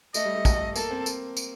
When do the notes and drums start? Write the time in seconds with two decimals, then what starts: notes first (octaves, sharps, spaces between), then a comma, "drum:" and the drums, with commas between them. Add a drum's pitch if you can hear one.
0.14 A3 D#5, drum: tambourine
0.25 G3
0.35 A3
0.45 A3, drum: kick, tambourine
0.76 A#3 A4, drum: tambourine
0.91 C4
1.06 drum: tambourine
1.37 drum: tambourine